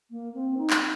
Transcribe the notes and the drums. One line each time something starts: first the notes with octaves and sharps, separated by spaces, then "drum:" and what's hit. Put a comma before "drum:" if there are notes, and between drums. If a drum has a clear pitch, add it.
A#3
C4
D#4
drum: clap